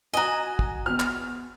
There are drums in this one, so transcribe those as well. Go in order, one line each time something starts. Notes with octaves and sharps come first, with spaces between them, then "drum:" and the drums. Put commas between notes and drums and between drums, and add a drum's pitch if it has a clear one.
F#4 D#5 G#5 A#5
drum: kick
E2 F6
drum: clap